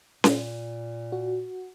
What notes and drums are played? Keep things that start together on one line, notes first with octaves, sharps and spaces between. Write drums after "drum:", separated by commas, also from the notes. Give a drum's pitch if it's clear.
A#2, drum: snare C#4
F#4